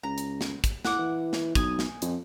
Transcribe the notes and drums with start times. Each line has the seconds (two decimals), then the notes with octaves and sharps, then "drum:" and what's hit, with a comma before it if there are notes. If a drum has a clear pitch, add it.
0.03 C#2 A#5
0.18 drum: hi-hat
0.41 drum: snare
0.64 drum: kick, hi-hat
0.85 A2 F#5 D6, drum: snare
0.99 E3
1.33 drum: snare
1.55 B1 G#5 D#6, drum: kick, hi-hat
1.79 drum: snare
2.02 F2, drum: hi-hat